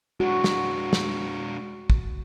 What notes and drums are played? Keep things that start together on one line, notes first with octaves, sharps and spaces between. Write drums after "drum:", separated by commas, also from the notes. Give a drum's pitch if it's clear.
G#3 D4 F#4
drum: snare
drum: snare
drum: kick